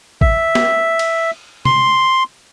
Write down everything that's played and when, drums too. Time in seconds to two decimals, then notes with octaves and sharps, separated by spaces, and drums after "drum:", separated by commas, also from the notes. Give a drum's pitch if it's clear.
0.21 E5, drum: kick
0.55 drum: snare
0.99 drum: cymbal
1.65 C6, drum: tom